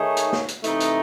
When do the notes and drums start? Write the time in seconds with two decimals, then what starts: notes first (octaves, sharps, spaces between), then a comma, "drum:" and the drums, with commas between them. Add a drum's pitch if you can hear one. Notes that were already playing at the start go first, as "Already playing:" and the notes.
Already playing: D#3 A3 D#4 G#4 C#5
0.17 drum: hi-hat
0.32 drum: snare
0.48 drum: hi-hat
0.64 C3 E3 A3 D#4, drum: hi-hat
0.80 drum: hi-hat